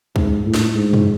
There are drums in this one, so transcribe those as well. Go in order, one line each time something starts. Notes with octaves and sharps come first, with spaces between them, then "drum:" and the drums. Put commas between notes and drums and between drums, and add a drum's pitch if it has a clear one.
G#2, drum: kick C#2
A2
drum: snare
G#2
drum: tom